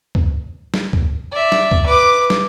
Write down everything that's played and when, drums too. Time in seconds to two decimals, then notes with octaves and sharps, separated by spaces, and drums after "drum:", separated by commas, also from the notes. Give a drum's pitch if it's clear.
0.15 drum: kick C#2
0.74 drum: snare
0.93 drum: kick C#2
1.32 D5 E5
1.52 drum: snare
1.71 drum: kick C#2
1.86 B4 D6
2.30 drum: snare